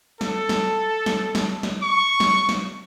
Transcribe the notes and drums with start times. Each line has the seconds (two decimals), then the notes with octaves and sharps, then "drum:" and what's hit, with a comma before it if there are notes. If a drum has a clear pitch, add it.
0.21 A4, drum: snare
0.49 drum: snare
1.06 drum: snare
1.35 drum: snare
1.63 drum: snare
1.82 C#6
2.20 drum: snare
2.49 drum: snare